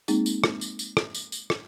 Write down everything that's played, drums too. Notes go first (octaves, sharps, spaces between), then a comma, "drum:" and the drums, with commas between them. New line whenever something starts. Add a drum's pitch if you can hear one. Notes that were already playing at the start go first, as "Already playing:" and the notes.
G#3 A#3 C4 D#4 G#4, drum: tambourine
drum: tambourine
drum: rim click
drum: tambourine
drum: tambourine
drum: rim click
drum: tambourine
drum: tambourine
drum: rim click